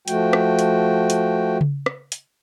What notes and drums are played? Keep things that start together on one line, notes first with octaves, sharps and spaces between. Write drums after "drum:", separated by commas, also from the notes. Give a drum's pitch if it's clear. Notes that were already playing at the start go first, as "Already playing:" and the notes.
F3 A3 F#4 G5, drum: hi-hat
drum: rim click
drum: hi-hat
drum: hi-hat
drum: tom C#3
drum: rim click
drum: hi-hat